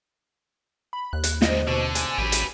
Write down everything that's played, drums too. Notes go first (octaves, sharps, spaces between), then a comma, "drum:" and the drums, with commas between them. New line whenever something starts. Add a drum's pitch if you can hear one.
B5
D#2 F#6
drum: hi-hat
D2 G#2 C3 D#5, drum: snare
B2 D3
G#5, drum: hi-hat
A1 F#3 G4 G#4 B4
drum: hi-hat